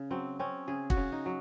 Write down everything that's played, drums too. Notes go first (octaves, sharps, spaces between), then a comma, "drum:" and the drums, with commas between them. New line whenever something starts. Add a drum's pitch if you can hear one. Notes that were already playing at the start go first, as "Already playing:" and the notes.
Already playing: C#3
F#3 C4
C4 C#4
C#3 G#4
F#4, drum: kick
C#3
D#4
F#3